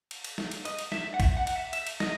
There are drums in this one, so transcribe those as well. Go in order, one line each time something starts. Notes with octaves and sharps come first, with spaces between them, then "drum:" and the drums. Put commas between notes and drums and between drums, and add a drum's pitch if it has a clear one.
drum: cymbal
drum: cymbal
drum: snare
drum: cymbal
D#5, drum: cymbal
drum: cymbal
E5, drum: snare
F#5
E5, drum: kick A#1, cymbal
F#5
F#5, drum: cymbal
E5
E5, drum: cymbal
drum: cymbal
D#5, drum: snare